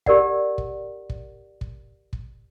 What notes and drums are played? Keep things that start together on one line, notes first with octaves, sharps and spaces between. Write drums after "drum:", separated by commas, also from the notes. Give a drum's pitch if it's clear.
G4 A#4 D5 F#5, drum: kick
drum: kick
drum: kick
drum: kick
drum: kick